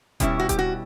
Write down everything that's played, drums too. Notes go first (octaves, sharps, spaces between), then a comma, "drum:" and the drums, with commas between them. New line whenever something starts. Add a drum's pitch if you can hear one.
B2 G3 C#4 E4, drum: kick D#1, hi-hat
F#4
G4, drum: kick D#1, hi-hat
F#4